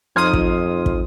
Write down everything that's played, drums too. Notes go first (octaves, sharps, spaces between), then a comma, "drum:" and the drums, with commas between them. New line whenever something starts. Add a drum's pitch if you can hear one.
F2 F3 D#4 C6 D#6 F6 G#6
drum: kick
drum: kick